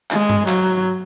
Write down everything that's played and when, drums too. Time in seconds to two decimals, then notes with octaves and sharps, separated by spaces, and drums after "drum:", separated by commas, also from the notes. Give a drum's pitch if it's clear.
0.11 G#3, drum: clap
0.30 drum: tom G2
0.48 F#3, drum: clap